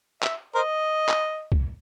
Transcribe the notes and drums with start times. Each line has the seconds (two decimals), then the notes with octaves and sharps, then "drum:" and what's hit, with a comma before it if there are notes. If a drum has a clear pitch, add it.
0.23 E5, drum: clap
0.55 A#4 C5 D#5
1.08 drum: clap
1.52 drum: kick